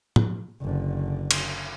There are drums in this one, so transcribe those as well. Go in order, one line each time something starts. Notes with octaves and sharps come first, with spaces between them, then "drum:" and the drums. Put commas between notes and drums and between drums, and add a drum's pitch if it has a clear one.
drum: tom
F#1 D3
drum: cymbal